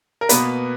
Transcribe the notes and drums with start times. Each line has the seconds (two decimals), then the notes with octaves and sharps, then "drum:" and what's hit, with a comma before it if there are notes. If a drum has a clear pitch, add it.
0.21 A#4
0.29 B2 A#3 B3 B4, drum: hi-hat